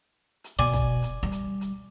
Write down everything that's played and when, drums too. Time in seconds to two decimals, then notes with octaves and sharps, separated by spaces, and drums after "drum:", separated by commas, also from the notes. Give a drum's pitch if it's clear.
0.44 drum: hi-hat
0.59 B2 D5 G#5
0.73 drum: kick, hi-hat
1.03 drum: hi-hat
1.23 G3
1.32 drum: hi-hat
1.61 drum: hi-hat